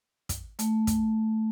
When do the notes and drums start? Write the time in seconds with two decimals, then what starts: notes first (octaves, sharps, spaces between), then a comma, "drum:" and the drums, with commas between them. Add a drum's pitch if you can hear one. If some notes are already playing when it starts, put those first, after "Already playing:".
0.29 drum: kick, hi-hat
0.59 A3, drum: hi-hat
0.87 drum: kick, hi-hat